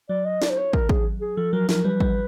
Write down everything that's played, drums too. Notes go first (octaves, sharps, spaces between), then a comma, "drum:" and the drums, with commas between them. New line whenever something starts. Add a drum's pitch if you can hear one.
F#3 D5
D#5
D5, drum: snare
C5
C#5
A#4, drum: kick
G#4, drum: kick
G#4
F3 A4
F#3 A#4
F3 A#4, drum: snare
G3 B4
G3, drum: kick